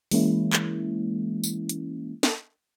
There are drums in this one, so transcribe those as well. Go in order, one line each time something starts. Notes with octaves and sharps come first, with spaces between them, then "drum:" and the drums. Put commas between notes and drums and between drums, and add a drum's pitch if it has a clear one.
E3 G#3 A#3 C#4 E4, drum: open hi-hat
drum: clap
drum: tambourine
drum: hi-hat
drum: snare